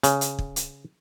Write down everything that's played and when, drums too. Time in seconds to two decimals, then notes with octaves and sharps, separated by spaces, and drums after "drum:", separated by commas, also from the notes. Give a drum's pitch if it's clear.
0.03 C#3, drum: hi-hat
0.21 drum: hi-hat
0.39 drum: kick
0.56 drum: hi-hat